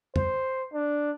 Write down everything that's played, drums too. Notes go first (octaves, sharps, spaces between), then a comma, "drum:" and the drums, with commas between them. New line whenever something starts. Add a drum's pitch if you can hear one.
C5, drum: tom F2
D4